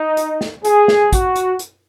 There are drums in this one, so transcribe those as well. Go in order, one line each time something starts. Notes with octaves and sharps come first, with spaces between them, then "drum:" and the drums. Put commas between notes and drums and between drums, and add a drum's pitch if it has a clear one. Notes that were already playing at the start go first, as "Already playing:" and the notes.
Already playing: D#4
drum: hi-hat
drum: snare
G#4, drum: hi-hat
drum: snare
F#4, drum: kick, hi-hat
drum: hi-hat
drum: hi-hat